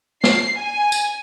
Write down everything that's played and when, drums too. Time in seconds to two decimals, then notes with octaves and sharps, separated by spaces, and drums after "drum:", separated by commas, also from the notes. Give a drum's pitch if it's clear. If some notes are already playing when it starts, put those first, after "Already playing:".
0.24 C7, drum: snare
0.61 G#5
0.92 drum: tambourine